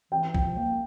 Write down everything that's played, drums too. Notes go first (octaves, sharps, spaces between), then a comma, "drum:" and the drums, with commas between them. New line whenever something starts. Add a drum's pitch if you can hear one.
E3 G5
F3, drum: kick B1
A#3